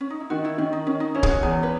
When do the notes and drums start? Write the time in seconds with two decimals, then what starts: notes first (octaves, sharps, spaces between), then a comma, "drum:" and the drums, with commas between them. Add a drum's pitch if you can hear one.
0.01 C#4
0.10 D#4
0.20 E4
0.30 D#3 F#4
0.45 E4
0.58 D#3 C#4
0.73 D#4
0.87 D#3 C#4
1.00 D#4
1.15 C#4 E4
1.23 G#4, drum: kick
1.28 F#4
1.43 E2 G#4
1.63 B4